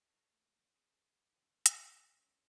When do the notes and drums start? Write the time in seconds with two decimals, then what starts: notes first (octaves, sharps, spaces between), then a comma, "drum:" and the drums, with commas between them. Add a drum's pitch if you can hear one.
0.08 A4 C#5 G#5 A#5
0.32 D#2 G3 A3
0.73 C#3 G#4 C5
1.30 D#2 B2 D3 C4 G#4
1.66 F#2 C#3 E3 E4, drum: hi-hat
2.19 G2 G#3 C#4 D#4 G5 C6